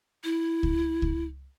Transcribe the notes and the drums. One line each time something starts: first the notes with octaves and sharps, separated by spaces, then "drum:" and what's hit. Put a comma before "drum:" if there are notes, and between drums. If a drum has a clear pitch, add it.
E4
drum: kick C#2
drum: kick C#2